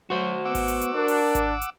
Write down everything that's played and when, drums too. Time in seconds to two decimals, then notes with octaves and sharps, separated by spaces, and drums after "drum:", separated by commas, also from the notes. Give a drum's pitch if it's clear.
0.10 F#3 F#4 C5
0.45 B3 F#5 D6 E6
0.55 drum: kick G#1, open hi-hat
0.68 drum: hi-hat
0.81 drum: hi-hat
0.95 D4 A#4
1.08 drum: open hi-hat
1.35 drum: kick G#1, hi-hat
1.62 drum: hi-hat